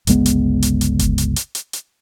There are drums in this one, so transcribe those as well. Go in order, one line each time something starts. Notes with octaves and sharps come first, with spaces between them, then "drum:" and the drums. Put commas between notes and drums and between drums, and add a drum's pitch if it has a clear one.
G1 C#2 G#3 B3, drum: hi-hat
drum: hi-hat
drum: hi-hat
drum: hi-hat
drum: kick F1, hi-hat
drum: hi-hat
drum: hi-hat
drum: hi-hat
drum: hi-hat